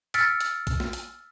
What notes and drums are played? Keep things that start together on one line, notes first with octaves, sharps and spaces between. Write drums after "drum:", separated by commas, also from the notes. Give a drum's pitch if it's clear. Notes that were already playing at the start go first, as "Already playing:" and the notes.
E6 F6 A6 B6 C#7 D7, drum: hi-hat
drum: hi-hat
drum: kick A#1, hi-hat
drum: snare
drum: hi-hat